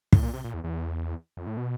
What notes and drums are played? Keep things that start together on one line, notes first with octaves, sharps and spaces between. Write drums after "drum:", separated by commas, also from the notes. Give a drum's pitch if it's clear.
A2, drum: kick
A#2
C3
A#2
E2
E2
F2
A2
B2